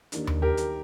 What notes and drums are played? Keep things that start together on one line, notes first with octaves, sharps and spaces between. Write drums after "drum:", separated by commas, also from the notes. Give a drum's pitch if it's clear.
D#2 D#3 A#3 D4, drum: hi-hat
drum: tom D#2
G4 A#4
drum: hi-hat